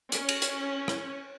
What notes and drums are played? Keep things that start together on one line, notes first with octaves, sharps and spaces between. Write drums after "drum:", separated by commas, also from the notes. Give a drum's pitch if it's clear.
C#4, drum: hi-hat
drum: cymbal
drum: hi-hat
drum: rim click